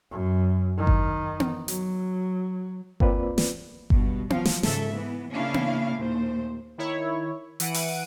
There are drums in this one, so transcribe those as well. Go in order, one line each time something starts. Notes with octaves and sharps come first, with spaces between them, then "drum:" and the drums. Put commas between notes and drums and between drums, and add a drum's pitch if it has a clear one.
F#2
D#3
drum: kick G1
drum: tom B3
F#3, drum: hi-hat
A#3 C4 F4 B4 D5, drum: kick G1
drum: snare
G2 B2, drum: kick G1
F3 F#3 F5, drum: tom B3
drum: snare
G#2 C#3 A4 E5, drum: snare
E3 B3
C#3 A#3 C#4 D4 E4 F5
drum: tom B3
D#2 A#2 A3 C5
D#3 E4 C#5
E3 F#5 D7 D#7, drum: hi-hat
drum: open hi-hat